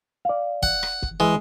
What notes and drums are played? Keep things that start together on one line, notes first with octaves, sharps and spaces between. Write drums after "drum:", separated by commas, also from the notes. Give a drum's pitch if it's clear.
D5 F5
F#5, drum: kick
drum: rim click
drum: kick
E3 G#3